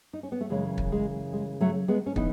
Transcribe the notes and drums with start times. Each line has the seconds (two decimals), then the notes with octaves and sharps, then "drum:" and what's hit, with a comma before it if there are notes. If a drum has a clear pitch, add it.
0.13 D#4
0.23 C#4
0.32 B3
0.41 A3
0.50 F#2 C#3 E3 G#3
0.78 drum: kick
0.92 G#3
1.33 G#3
1.60 F#3 A3
1.88 G#3 B3
2.06 C#4
2.16 E3 B3 D#4, drum: kick